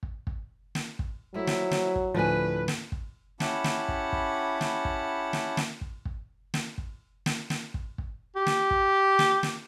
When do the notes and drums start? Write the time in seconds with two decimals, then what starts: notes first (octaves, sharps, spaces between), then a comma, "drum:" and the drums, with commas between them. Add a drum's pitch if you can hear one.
0.03 drum: kick
0.27 drum: kick
0.75 drum: snare
0.99 drum: kick
1.34 F3 F#3 A3 E4
1.47 drum: snare
1.71 drum: snare
1.96 drum: kick
2.15 D2 A2 F3 B4 D5 G#5
2.68 drum: snare
2.92 drum: kick
3.40 C#4 E4 G4 F#5 A5 B5, drum: snare
3.64 drum: snare
3.88 drum: kick
4.13 drum: kick
4.61 drum: snare
4.85 drum: kick
5.33 drum: snare
5.57 drum: snare
5.81 drum: kick
6.05 drum: kick
6.54 drum: snare
6.78 drum: kick
7.26 drum: snare
7.50 drum: snare
7.74 drum: kick
7.98 drum: kick
8.36 G4
8.47 drum: snare
8.71 drum: kick
9.19 drum: snare
9.43 drum: snare